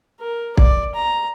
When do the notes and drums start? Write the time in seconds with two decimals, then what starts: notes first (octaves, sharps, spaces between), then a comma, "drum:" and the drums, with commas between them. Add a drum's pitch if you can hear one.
0.20 A#4
0.57 D5, drum: kick
0.95 A#5